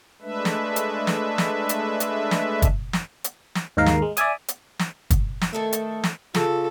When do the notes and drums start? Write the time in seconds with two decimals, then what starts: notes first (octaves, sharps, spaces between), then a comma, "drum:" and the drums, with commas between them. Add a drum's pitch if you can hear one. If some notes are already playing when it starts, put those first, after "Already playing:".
0.22 G#3 A3 D4 B4 E5
0.45 drum: snare
0.76 drum: hi-hat
1.07 drum: snare
1.38 drum: snare
1.69 drum: hi-hat
2.00 drum: hi-hat
2.31 drum: snare
2.62 drum: kick, hi-hat
2.93 drum: snare
3.24 drum: hi-hat
3.55 drum: snare
3.77 D#2 G#2 D#4 A#4 F5
3.86 drum: snare
4.02 G#3
4.17 D5 E5 G#5 D#6, drum: hi-hat
4.48 drum: hi-hat
4.79 drum: snare
5.10 drum: kick, hi-hat
5.41 drum: snare
5.53 D#3 A3 A4 E5
5.73 drum: hi-hat
6.04 drum: snare
6.35 C#3 F4 A4, drum: snare